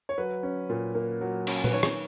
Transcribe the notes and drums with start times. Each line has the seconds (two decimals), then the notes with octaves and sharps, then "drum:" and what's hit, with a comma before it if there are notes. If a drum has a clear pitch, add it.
0.09 C#5
0.18 F#3 B4
0.43 C#4
0.69 A#2
0.95 A#3
1.21 F#3
1.47 C#4, drum: cymbal
1.64 B4, drum: tom A#2
1.73 D#3 C#5
1.83 drum: rim click